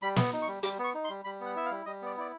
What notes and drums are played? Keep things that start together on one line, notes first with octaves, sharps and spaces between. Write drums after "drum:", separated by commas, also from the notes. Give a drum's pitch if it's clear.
G3 B5
B3, drum: snare
D#4
C#6
G3
G3 D6, drum: hi-hat
B3
C#6
D#4
C6
G3
G3 B5
B3 F#5
E4 E5
F5
G3
G3 D#5
B3 D5
E4 D5